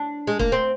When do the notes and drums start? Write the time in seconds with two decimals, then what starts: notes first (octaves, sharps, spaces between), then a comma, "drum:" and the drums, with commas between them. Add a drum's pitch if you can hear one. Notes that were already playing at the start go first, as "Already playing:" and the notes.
Already playing: D4
0.27 G#3
0.39 A#3, drum: kick
0.52 C4